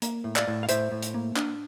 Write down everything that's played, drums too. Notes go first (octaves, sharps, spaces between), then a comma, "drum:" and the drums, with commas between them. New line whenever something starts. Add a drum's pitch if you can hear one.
A#3, drum: hi-hat
A2
D5 F5, drum: clap
A2
F5
A2 C5 E5, drum: hi-hat
A2
drum: hi-hat
A#3
D4, drum: clap